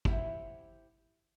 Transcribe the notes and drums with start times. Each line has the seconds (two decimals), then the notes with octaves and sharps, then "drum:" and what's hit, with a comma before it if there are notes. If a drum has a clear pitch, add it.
0.05 E4 G4 C5 E5 F#5, drum: kick